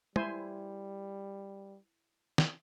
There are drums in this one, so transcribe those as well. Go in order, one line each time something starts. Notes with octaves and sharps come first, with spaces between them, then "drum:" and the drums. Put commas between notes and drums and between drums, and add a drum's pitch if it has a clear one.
G3 E4 C5 G#5, drum: tom
drum: snare